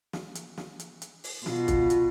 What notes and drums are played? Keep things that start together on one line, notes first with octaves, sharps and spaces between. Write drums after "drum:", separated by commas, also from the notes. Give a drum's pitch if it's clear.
drum: snare
drum: hi-hat
drum: snare
drum: hi-hat
drum: hi-hat
drum: open hi-hat
B2 F4, drum: snare
drum: kick, hi-hat
drum: hi-hat